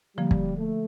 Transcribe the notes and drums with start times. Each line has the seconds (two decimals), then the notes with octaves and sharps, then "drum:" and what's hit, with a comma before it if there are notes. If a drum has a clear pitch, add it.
0.17 D3 F3 G3 A#3
0.31 drum: kick
0.57 A3